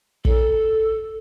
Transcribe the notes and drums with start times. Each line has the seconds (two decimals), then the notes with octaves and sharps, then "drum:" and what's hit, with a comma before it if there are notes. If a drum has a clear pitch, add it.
0.25 A4, drum: kick